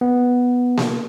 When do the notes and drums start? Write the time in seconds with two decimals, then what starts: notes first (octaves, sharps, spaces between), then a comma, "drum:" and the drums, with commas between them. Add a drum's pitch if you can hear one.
0.01 B3
0.77 drum: snare A#3